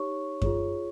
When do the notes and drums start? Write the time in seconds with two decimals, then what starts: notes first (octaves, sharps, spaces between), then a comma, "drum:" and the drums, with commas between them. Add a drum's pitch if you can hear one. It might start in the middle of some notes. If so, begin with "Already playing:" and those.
Already playing: D#4 G4 C#5 C#6
0.42 F4 G#4 C#5, drum: kick F#2